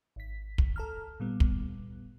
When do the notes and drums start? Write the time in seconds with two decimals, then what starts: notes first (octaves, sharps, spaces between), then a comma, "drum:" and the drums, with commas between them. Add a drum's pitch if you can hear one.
0.16 G#1 B6
0.58 drum: kick
0.76 A4 A#5 F6
1.20 A#2 G3 B3
1.40 drum: kick